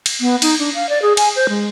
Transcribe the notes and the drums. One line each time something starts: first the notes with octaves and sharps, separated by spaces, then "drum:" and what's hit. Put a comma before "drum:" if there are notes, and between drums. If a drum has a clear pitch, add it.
drum: cymbal
B3
D#4, drum: cymbal
D4
F5
D5
G#4
G#5, drum: cymbal
C5
G#3